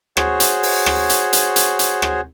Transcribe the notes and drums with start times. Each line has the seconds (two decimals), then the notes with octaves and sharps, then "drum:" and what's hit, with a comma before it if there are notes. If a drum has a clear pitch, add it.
0.17 F#4 G#4 C5 C#5, drum: rim click
0.40 drum: hi-hat
0.63 drum: open hi-hat
0.86 drum: rim click
1.09 drum: hi-hat
1.33 drum: hi-hat
1.56 drum: hi-hat
1.79 drum: hi-hat
2.02 drum: rim click